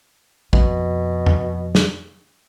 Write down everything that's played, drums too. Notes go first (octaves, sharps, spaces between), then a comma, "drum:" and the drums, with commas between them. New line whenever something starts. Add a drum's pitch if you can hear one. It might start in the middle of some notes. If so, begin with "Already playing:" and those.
F2 B2, drum: kick
drum: tom E2
drum: snare